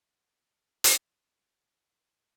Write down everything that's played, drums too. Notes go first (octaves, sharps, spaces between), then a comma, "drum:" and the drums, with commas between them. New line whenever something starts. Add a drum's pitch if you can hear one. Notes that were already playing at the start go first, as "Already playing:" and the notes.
E3
drum: hi-hat
F#3
E3
E3